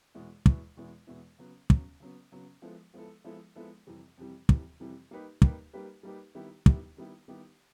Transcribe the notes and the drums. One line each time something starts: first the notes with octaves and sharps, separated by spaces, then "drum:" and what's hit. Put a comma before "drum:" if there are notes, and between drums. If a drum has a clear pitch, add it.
E2 B2 G#3 B3 E4
E2 B2 G#3 B3 E4, drum: kick
E2 B2 G#3 B3 E4
E2 B2 G#3 B3 E4
C#3 F#3 B3
C#3 F#3 B3, drum: kick
C#3 F#3 B3
C#3 F#3 B3
F3 G#3 B3 E4 A4
F3 G#3 B3 E4 A4
F3 G#3 B3 E4 A4
F3 G#3 B3 E4 A4
F2 C3 E3 G3
F2 C3 E3 G3
F2 C3 E3 G3, drum: kick
F2 C3 E3 G3
G3 A#3 D#4 G4 B4
G3 A#3 D#4 G4 B4, drum: kick
G3 A#3 D#4 G4 B4
G3 A#3 D#4 G4 B4
D#3 G3 B3 E4 G4
D#3 G3 B3 E4 G4, drum: kick
D#3 G3 B3 E4 G4
D#3 G3 B3 E4 G4